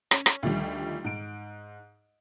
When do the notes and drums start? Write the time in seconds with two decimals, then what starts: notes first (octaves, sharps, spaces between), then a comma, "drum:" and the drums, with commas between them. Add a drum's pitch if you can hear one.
0.11 C#4, drum: rim click
0.26 drum: rim click
0.43 D2 D#3 F3 G3
1.04 G#2 D7